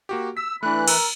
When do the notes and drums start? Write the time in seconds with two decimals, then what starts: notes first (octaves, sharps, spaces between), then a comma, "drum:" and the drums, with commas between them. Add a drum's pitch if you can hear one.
0.09 A#3 F#4 G4
0.37 E6 B6
0.63 E3 A3 D4 B5 F#6
0.88 A#4 E6, drum: cymbal